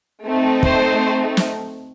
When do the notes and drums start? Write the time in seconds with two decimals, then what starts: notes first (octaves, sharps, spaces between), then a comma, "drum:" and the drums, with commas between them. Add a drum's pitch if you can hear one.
0.25 A3 C4 D#4
0.63 C5, drum: kick
1.37 drum: snare